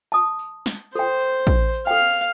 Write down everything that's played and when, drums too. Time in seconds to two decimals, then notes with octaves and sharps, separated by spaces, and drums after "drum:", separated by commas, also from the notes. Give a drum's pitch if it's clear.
0.12 A5 D#6, drum: tambourine
0.39 drum: tambourine
0.66 drum: snare
0.95 A4 C5 G5, drum: tambourine
1.20 drum: tambourine
1.47 drum: kick, tambourine
1.74 drum: tambourine
1.87 A4 F5 G5
2.01 drum: tambourine